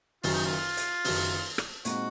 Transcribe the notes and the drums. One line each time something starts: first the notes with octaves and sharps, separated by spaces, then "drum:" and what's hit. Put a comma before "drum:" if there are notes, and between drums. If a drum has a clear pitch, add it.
F#1 F#2 D#3 F#3 F4, drum: open hi-hat
D#4
F4
drum: hi-hat
F#1 F#2 D#3 F#3, drum: open hi-hat
drum: rim click
A#2 G#3 C4 D#4 F#4, drum: hi-hat